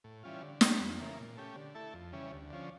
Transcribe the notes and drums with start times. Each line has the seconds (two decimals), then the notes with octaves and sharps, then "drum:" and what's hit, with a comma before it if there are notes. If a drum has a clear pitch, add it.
0.04 A2
0.23 E3 G3 C#4 F4
0.42 D3
0.61 G3 C#4 G4, drum: snare
0.80 F2
0.99 C#3 E3 A#3
1.18 A#2
1.37 A3 C#4 G4
1.56 D3
1.75 A3 E4 A4
1.94 F2
2.13 C#3 E3 G3 C#4
2.32 D2
2.50 D3 F3 C#4